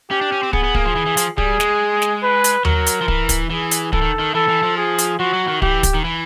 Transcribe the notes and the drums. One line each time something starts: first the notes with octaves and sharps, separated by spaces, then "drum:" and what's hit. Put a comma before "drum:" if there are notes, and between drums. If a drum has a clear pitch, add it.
C#4 G4
D4
C#4
C4
B3 G#4, drum: kick
B3
A#3, drum: kick
F3
E3
E3
F3, drum: hi-hat
G3 G#4, drum: kick
G#3, drum: snare
drum: snare
B4
drum: hi-hat
F#3 A#4, drum: tom D#2
drum: hi-hat
F3
E3, drum: kick
drum: kick, hi-hat
E3 G#4
drum: hi-hat
E3 A4, drum: kick
D#3
D#3
E3 A4
E3
F3
G#4
drum: hi-hat
F3 F#4
F#3
D#3
E3 G4, drum: kick
drum: kick, hi-hat
D#3
E3